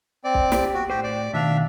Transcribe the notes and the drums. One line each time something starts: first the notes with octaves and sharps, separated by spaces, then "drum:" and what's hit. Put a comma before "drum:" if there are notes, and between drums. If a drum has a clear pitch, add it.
C4 D5
drum: kick
G4, drum: snare
F#4
A2 G4 C5
D5
B2 D#3 D4 E5 F5